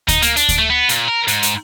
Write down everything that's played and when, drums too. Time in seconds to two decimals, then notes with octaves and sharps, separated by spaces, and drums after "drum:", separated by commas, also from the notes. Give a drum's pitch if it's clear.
0.08 D#4, drum: kick D2, hi-hat
0.22 A#3, drum: hi-hat
0.36 D4, drum: hi-hat
0.49 drum: kick D2, hi-hat
0.59 A3
0.70 B3
0.89 A#2, drum: hi-hat
1.08 A#4
1.28 G#2, drum: hi-hat
1.43 drum: hi-hat